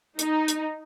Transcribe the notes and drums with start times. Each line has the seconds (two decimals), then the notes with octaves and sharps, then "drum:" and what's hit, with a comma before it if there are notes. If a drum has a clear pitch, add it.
0.19 D#4, drum: hi-hat
0.48 drum: hi-hat